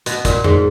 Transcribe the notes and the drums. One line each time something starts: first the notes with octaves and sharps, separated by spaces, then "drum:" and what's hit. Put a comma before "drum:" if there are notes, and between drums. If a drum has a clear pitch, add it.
B2, drum: hi-hat
A#2, drum: kick, hi-hat
G#2, drum: tom F2